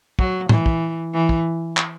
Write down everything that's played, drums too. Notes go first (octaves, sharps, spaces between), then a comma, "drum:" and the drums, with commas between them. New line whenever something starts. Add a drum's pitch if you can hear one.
F#3, drum: kick
E3, drum: tom
drum: kick
E3
drum: kick
drum: clap